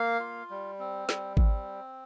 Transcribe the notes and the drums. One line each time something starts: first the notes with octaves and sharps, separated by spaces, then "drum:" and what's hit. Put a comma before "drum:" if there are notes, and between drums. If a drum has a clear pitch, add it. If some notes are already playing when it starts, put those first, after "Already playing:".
Already playing: A#3 F5
F4
G3
C4
G3, drum: snare
C4, drum: kick G#1